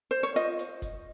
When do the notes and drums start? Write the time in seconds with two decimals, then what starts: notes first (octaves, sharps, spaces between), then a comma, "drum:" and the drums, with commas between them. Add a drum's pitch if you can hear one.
0.11 C5
0.23 C#5
0.36 F4 D#5, drum: hi-hat
0.59 drum: hi-hat
0.82 drum: kick F1, hi-hat